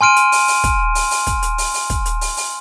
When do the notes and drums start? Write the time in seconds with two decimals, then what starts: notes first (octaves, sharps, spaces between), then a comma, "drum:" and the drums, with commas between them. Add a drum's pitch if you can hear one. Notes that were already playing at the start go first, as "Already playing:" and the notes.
0.01 G#5 C6 F6 D7 D#7
0.16 drum: hi-hat
0.32 drum: open hi-hat
0.48 drum: open hi-hat
0.64 drum: kick, hi-hat
0.95 drum: open hi-hat
1.11 drum: open hi-hat
1.27 drum: kick, hi-hat
1.42 drum: hi-hat
1.58 drum: open hi-hat
1.74 drum: open hi-hat
1.90 drum: kick, hi-hat
2.06 drum: hi-hat
2.21 drum: open hi-hat
2.37 drum: open hi-hat